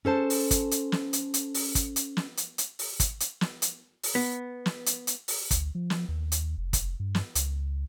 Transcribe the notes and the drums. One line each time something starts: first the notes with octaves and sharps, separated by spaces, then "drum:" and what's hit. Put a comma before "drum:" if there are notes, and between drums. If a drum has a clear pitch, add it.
C#4 A4 C5 A5
drum: open hi-hat
drum: kick, hi-hat
drum: hi-hat
drum: snare
drum: hi-hat
drum: hi-hat
drum: open hi-hat
drum: kick, hi-hat
drum: hi-hat
drum: snare
drum: hi-hat
drum: hi-hat
drum: open hi-hat
drum: kick, hi-hat
drum: hi-hat
drum: snare
drum: hi-hat
drum: open hi-hat
B3
drum: snare
drum: hi-hat
drum: hi-hat
drum: open hi-hat
D2, drum: kick, hi-hat
F3
drum: snare
D#2
drum: hi-hat
F1
drum: kick, hi-hat
G2
drum: snare
C#2, drum: hi-hat